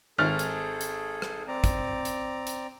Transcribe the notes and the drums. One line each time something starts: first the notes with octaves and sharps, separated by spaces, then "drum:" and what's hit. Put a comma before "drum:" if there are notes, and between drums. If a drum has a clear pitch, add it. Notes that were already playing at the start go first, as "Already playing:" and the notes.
G#1 G#4 A4 F6 A6
drum: hi-hat
drum: hi-hat
drum: rim click
C4 D5 A#5
drum: kick, hi-hat
drum: hi-hat
drum: hi-hat